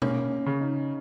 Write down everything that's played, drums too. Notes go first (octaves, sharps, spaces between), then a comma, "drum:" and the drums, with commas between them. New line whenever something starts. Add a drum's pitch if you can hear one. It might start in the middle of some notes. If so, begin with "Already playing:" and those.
A#3 C#4, drum: tom B2
C#3
D#4